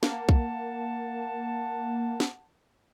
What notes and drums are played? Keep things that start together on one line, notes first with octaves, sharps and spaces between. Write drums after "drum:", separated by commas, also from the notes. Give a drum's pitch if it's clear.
A#3 F#5 A5, drum: snare
drum: kick
drum: snare